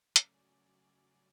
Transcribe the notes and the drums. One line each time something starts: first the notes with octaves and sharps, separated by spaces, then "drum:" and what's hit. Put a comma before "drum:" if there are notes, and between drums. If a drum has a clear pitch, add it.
C#3 F#3 A3 C#4 D5, drum: hi-hat